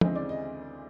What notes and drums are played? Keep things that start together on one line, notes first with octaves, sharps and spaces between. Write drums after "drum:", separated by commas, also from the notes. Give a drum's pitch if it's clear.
D2 C#3 E3 G#3 C4 D#5, drum: tom
D5
D#5